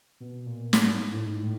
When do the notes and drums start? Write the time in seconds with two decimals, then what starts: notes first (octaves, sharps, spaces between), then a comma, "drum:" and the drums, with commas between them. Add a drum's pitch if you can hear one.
0.20 B2
0.46 A#2
0.73 A2, drum: snare
0.85 G#2
1.12 A2
1.26 G#2
1.43 A2